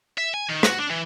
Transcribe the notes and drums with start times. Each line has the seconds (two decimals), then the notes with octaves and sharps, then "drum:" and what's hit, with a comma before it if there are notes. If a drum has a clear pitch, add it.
0.18 E5
0.34 G#5
0.50 D#3
0.63 F#4, drum: rim click
0.78 D4
0.90 E3